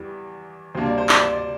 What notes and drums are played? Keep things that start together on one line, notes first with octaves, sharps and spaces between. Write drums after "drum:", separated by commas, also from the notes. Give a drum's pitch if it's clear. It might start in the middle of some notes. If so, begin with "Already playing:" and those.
Already playing: E2 E3 G3
D2 C3 G3 A#3 D4 C5
D5
C5
D5, drum: clap
C5
D5